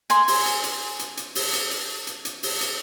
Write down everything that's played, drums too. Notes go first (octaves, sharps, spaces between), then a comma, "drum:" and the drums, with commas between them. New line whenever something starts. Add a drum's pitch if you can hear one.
G#5 C6, drum: hi-hat
drum: open hi-hat
drum: hi-hat
drum: hi-hat
drum: hi-hat
drum: hi-hat
drum: open hi-hat
drum: hi-hat
drum: hi-hat
drum: hi-hat
drum: hi-hat
drum: open hi-hat
drum: hi-hat